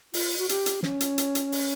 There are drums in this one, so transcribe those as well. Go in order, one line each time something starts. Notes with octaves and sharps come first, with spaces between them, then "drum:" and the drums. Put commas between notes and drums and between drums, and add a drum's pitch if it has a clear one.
F4, drum: open hi-hat
F#4
G4, drum: hi-hat
drum: hi-hat
C#4, drum: snare
drum: hi-hat
drum: hi-hat
drum: hi-hat
drum: open hi-hat